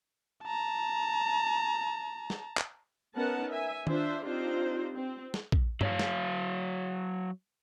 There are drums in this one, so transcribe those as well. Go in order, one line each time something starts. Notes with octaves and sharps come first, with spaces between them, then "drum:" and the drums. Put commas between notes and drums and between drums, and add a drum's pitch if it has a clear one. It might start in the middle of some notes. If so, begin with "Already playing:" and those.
A5 A#5
drum: snare
drum: clap
B3 C#4 D#4 A#4 F#5 A5
E5 G#5
D4 F4 C5 E5, drum: tom D#3
C4 D4 D#4 F4 G4 C5
C4
drum: snare
drum: kick
F#3 C#5 F5, drum: tom G2
drum: snare